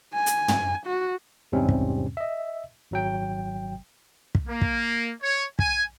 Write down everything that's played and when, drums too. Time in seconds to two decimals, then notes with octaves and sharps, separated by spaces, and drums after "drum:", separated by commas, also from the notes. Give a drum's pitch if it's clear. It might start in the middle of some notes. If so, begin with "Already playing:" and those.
0.14 G#5
0.26 drum: hi-hat
0.48 drum: tom
0.86 F#4
1.52 E2 G#2 C3 G3 C4 C#4
1.69 drum: kick
2.17 D#5 E5
2.91 G#1 F#3 G5
4.35 drum: kick
4.48 A#3
4.61 drum: kick
5.22 C#5
5.59 G#5, drum: kick